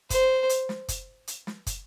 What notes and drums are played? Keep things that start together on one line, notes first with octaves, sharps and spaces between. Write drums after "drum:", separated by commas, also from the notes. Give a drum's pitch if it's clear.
C5, drum: kick, hi-hat
drum: hi-hat
drum: snare
drum: kick, hi-hat
drum: hi-hat
drum: snare
drum: kick, hi-hat